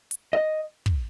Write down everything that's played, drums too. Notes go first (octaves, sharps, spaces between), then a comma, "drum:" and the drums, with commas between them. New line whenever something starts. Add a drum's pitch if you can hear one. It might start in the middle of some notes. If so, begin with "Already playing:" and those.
drum: hi-hat
D#5
drum: kick